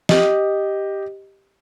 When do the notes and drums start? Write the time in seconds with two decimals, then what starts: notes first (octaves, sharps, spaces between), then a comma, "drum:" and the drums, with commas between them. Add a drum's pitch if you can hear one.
0.09 G4 D#5, drum: snare